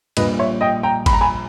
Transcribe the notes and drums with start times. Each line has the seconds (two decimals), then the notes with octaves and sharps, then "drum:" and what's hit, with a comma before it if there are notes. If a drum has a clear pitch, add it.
0.17 A#1 A#2 G3 B4 D#5, drum: cymbal
0.39 C#5 E5
0.61 D#5 G5
0.83 G5 A#5
1.06 B5, drum: kick G#1, cymbal
1.13 A#5
1.21 G#5 B5